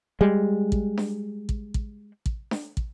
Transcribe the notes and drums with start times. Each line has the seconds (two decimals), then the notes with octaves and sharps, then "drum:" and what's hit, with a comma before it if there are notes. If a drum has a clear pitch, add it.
0.21 G3 G#3
0.72 drum: kick
0.97 drum: snare D4
1.49 drum: kick
1.74 drum: kick
2.26 drum: kick
2.51 drum: snare D4
2.77 drum: kick